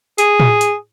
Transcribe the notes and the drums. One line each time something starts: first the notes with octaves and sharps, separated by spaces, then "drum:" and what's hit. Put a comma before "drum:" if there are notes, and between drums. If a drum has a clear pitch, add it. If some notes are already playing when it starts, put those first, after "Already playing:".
G#4, drum: hi-hat
drum: tom
drum: hi-hat